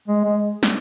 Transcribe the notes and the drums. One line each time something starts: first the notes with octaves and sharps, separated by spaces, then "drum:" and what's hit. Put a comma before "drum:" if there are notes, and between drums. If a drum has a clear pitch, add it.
G#3
G#3
drum: snare